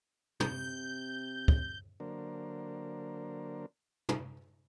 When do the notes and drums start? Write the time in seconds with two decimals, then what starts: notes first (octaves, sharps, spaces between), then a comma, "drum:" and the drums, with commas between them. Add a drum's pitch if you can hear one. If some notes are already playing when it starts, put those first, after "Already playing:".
0.40 C3 G6, drum: tom
1.48 drum: kick
2.00 D3 F#3 A#3 D4 A#4 C5
4.09 drum: tom